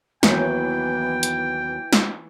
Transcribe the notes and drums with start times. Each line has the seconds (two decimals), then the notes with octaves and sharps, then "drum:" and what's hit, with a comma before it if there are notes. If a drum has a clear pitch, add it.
0.23 D#2 E3 F#3 B3 G5, drum: snare
1.23 drum: hi-hat
1.93 drum: snare